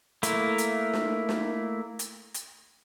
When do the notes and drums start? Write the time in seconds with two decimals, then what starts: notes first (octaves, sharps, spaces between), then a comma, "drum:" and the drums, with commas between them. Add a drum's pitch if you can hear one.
0.23 A3 A#3 E4, drum: hi-hat
0.58 drum: hi-hat
0.93 drum: snare
1.29 drum: snare
1.99 drum: hi-hat
2.34 drum: hi-hat